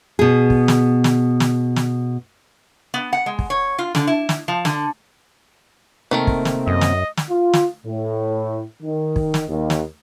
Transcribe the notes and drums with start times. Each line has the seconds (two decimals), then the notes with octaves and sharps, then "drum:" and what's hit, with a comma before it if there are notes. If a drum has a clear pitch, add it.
0.19 B2 G#4
0.50 drum: kick
0.68 drum: snare
1.04 drum: snare
1.40 drum: snare
1.76 drum: snare
2.94 B3
3.13 F#5
3.26 G#3
3.39 drum: kick
3.50 C#5
3.79 F4
3.95 D3, drum: snare
4.07 E4
4.29 drum: snare
4.48 F3
4.65 D3, drum: snare
6.11 C3 D#3 A3 A#3 C4 A#4
6.27 drum: kick
6.45 drum: snare
6.67 F#2 D#5
6.81 drum: snare
7.17 drum: snare
7.30 F4
7.53 drum: snare
7.86 A2
8.83 D#3
9.16 drum: kick
9.34 drum: snare
9.49 D#2
9.70 drum: snare